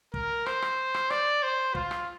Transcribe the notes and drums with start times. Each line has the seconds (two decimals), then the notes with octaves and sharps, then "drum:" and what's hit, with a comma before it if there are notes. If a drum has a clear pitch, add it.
0.14 A#4, drum: kick
0.46 C5, drum: rim click
0.62 drum: rim click
0.94 drum: rim click
1.10 D5, drum: rim click
1.43 C5
1.75 F4, drum: kick
1.91 drum: rim click